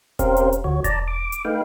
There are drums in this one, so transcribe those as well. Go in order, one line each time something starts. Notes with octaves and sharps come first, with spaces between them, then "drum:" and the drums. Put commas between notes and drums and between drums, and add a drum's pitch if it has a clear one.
C4 C#4 G4 A#4 C5 F5, drum: kick E1, hi-hat
drum: hi-hat
drum: hi-hat
D2 F#4 C#5
D5 A5 A#5, drum: kick E1, hi-hat
D6
drum: hi-hat
A3 D#4 B4 F5 G5